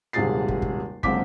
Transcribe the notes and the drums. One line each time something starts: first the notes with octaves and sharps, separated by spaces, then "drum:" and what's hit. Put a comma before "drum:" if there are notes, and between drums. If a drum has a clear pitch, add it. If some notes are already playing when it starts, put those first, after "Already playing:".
D#1 G#1 C3 G#4 A6 C7
drum: kick
drum: kick
F#1 C#2 D3 C4 D6 B6, drum: kick